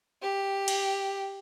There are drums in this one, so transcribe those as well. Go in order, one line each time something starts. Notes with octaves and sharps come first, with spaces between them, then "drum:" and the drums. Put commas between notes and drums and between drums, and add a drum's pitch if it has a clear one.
G4
drum: cymbal